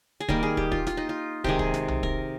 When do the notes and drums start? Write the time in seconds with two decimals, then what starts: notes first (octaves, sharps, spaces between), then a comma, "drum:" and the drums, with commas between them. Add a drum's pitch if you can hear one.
0.20 G#4
0.29 D#3 G3 A#3 A#4, drum: kick
0.43 G#4
0.57 G4, drum: kick
0.72 F4, drum: kick
0.87 F4, drum: snare
0.97 D#4
1.09 F4
1.44 C3 D#3 G#3 G4, drum: kick
1.59 G#4, drum: kick
1.74 drum: snare
1.88 drum: tom B1
2.03 A#4, drum: kick